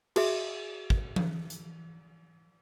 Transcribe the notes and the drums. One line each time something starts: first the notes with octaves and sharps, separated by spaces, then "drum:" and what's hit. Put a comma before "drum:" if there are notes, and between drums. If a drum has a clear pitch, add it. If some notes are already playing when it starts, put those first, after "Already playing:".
F#4 G#4 E5, drum: cymbal
drum: kick
drum: tom E3
drum: hi-hat